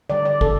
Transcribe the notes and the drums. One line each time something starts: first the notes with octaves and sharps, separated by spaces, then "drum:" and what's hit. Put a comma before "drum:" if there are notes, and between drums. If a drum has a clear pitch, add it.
D3 G3 D5
D5
D3 A4, drum: kick